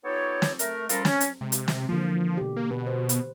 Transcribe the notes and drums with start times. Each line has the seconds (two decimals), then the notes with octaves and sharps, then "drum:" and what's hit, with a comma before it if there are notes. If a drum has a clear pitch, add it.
0.04 B3 D#4 F4 G4 A4 C#5
0.42 drum: snare
0.59 A3 A#4, drum: hi-hat
0.89 F3 G3 C#4 F4 A4 A#4, drum: hi-hat
1.05 C#4, drum: snare
1.21 drum: hi-hat
1.41 C3 G#3
1.52 drum: hi-hat
1.68 drum: snare
1.89 D3 E3 F3 A#3
2.37 B2 G4
2.56 A#3
2.71 B2 B4
2.87 C5
3.09 drum: hi-hat